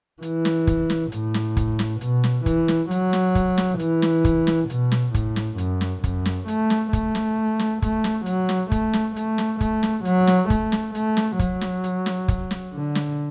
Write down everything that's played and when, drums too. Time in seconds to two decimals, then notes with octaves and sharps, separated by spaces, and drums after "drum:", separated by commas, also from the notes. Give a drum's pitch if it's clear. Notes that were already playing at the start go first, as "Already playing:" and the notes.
0.22 E3, drum: hi-hat
0.45 drum: snare
0.67 drum: kick, hi-hat
0.90 drum: snare
1.12 A2, drum: hi-hat
1.34 drum: snare
1.57 drum: kick, hi-hat
1.79 drum: snare
2.01 B2, drum: hi-hat
2.24 drum: snare
2.46 E3, drum: kick, hi-hat
2.68 drum: snare
2.91 F#3, drum: hi-hat
3.13 drum: snare
3.35 drum: kick, hi-hat
3.58 drum: snare
3.79 E3, drum: hi-hat
4.02 drum: snare
4.25 drum: kick, hi-hat
4.47 drum: snare
4.70 B2, drum: hi-hat
4.92 drum: snare
5.14 A2, drum: kick, hi-hat
5.36 drum: snare
5.58 F#2, drum: hi-hat
5.81 drum: snare
6.04 F#2, drum: kick, hi-hat
6.26 drum: snare
6.48 A3, drum: hi-hat
6.70 drum: snare
6.93 A3, drum: kick, hi-hat
7.15 drum: snare
7.59 drum: snare
7.82 A3, drum: kick, hi-hat
8.04 drum: snare
8.26 F#3, drum: hi-hat
8.49 drum: snare
8.71 A3, drum: kick, hi-hat
8.93 drum: snare
9.16 A3, drum: hi-hat
9.38 drum: snare
9.61 A3, drum: kick, hi-hat
9.83 drum: snare
10.05 F#3, drum: hi-hat
10.27 drum: snare
10.50 A3, drum: kick, hi-hat
10.72 drum: snare
10.95 A3, drum: hi-hat
11.17 drum: snare
11.39 F#3, drum: kick, hi-hat
11.61 drum: snare
11.84 drum: hi-hat
12.06 drum: snare
12.28 drum: kick, hi-hat
12.51 drum: snare
12.73 D3
12.95 drum: snare